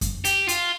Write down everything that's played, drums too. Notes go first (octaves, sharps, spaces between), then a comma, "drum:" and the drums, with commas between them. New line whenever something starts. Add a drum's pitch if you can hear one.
drum: kick F#2, hi-hat
G4, drum: hi-hat
F4, drum: hi-hat